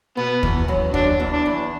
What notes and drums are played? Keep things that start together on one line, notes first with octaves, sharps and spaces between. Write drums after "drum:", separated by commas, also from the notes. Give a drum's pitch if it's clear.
B2 B3
E2 E3, drum: kick
F#2 F#3
F#2 F#3 D4, drum: kick
E2 E3
D4
E2 E3